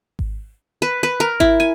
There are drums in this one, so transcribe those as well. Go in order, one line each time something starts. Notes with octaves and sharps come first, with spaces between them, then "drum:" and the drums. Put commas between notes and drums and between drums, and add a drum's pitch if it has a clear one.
drum: kick G#1
B4
B4
A#4
E4, drum: kick G#1
G#5